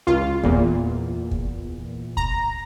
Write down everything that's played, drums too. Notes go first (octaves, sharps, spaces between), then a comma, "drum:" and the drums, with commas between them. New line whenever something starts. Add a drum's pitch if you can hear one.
C#2 F4
E2 A#2, drum: kick
drum: kick
A#5, drum: kick